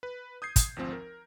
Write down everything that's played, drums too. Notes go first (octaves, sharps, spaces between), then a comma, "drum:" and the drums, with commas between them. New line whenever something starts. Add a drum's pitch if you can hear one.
B4
D#6 G6 G#6 C7
drum: kick, hi-hat
G#1 D2 F3 C4
A#4